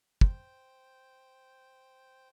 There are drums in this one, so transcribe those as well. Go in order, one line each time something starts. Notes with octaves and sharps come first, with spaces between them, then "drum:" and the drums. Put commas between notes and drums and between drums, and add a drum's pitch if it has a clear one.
C5 G5, drum: kick